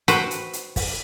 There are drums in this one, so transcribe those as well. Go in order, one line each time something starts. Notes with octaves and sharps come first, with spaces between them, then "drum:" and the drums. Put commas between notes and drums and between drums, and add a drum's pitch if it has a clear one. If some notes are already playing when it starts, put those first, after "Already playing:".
F#4 B4 C5 G5, drum: hi-hat
drum: hi-hat
drum: hi-hat
drum: kick, open hi-hat